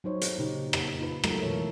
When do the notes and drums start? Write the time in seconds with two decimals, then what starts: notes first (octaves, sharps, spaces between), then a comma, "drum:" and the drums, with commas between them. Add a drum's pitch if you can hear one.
0.04 F#3 D#4 C5 C#5
0.21 drum: hi-hat
0.38 A#2 C#3 D#4 G4
0.73 drum: rim click
0.99 D#4 F4 B4
1.24 F#3 G#3 A3 A#4, drum: rim click
1.42 B2 E3 A4 A#4 C#5 E5